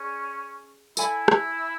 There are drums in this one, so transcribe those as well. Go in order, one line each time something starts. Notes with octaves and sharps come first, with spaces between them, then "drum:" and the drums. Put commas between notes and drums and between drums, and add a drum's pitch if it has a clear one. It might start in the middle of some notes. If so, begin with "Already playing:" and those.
Already playing: C#4 G#4 D5
E4 A4 E5 G#5 B5, drum: tambourine
drum: rim click